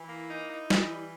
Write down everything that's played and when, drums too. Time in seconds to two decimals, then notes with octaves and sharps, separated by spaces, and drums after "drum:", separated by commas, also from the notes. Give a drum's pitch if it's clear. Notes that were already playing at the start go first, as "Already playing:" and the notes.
Already playing: E3 E4
0.08 A#3
0.29 D#4
0.49 D#4
0.70 E3, drum: snare
0.91 G3